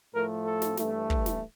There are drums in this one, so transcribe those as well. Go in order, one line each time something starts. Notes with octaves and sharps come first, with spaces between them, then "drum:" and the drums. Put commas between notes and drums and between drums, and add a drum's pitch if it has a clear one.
A2 F3 A3 A#4
A4
drum: snare
G2 E3 A3, drum: snare
drum: kick
drum: snare